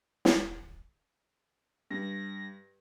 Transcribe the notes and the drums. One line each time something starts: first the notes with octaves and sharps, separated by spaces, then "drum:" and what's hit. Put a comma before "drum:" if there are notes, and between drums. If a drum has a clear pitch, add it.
drum: snare
G2 A#6